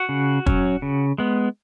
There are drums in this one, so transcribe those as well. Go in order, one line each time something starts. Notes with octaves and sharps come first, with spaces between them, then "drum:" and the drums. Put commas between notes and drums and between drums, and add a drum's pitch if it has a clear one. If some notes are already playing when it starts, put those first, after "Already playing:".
Already playing: F#4 F#5
C#3
F#3 C#4, drum: kick
C#3
G#3 B3